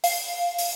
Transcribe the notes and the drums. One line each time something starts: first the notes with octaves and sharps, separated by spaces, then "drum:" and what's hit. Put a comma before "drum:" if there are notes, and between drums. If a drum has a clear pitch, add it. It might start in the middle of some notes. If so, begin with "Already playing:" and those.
F5, drum: open hi-hat
drum: open hi-hat